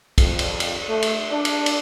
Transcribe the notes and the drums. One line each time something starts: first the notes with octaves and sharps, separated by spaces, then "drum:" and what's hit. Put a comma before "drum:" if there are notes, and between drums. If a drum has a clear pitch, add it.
F2, drum: kick, cymbal
drum: cymbal
drum: cymbal
A3
drum: cymbal
D4
drum: cymbal
drum: cymbal